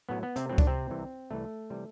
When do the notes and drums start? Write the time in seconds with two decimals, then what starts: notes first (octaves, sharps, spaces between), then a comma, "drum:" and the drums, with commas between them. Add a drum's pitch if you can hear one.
0.09 A2 F#3 B3
0.23 B3
0.36 C3 C4, drum: hi-hat
0.49 A2 F#3 C4
0.58 D4, drum: kick C#2
0.67 C3 C4
0.89 C2 C3 E3
1.31 C2 C3 E3 A3
1.70 C3 E3 G3